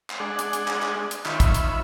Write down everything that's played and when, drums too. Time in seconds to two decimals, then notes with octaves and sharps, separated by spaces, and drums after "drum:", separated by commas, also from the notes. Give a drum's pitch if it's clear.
0.10 drum: clap
0.20 G#3 D4 G#4 D5 F#5
0.39 drum: hi-hat
0.53 drum: hi-hat
0.68 drum: clap
0.82 drum: clap
1.11 drum: hi-hat
1.26 D#3 F4 C#5 E5 B5, drum: clap
1.40 drum: kick, hi-hat
1.54 drum: hi-hat